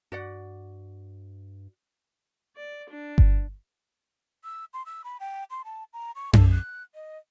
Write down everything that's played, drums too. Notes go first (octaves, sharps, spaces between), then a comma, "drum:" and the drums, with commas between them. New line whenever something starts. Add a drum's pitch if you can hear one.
G2 F#4 D5 F#5
D5
D4
drum: kick G1
E6
C6
E6
B5
G5
C6
A5
A#5
C#6
A4, drum: tom F#2
F#6
D#5